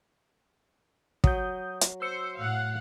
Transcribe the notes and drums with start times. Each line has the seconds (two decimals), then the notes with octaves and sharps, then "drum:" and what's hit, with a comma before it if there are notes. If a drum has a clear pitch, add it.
1.24 F#3 D#6 G6, drum: kick
1.81 drum: hi-hat
2.02 C5 E6 C#7
2.40 A2 F5 F#5